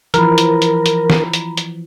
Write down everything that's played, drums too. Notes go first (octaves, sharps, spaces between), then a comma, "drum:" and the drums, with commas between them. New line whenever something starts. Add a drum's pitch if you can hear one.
E3 F3 A#4 A#5 B5, drum: hi-hat
drum: hi-hat
drum: hi-hat
drum: hi-hat
drum: snare
drum: hi-hat
drum: hi-hat